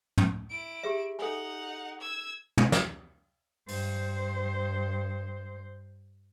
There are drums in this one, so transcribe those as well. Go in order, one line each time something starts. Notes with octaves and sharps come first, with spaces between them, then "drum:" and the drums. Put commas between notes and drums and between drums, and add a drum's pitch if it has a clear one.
drum: tom
E4 D7
G4 G#4 E5
D#4 A4 F#5 G#5
E6 G#6
drum: tom
drum: snare
G2 C5, drum: open hi-hat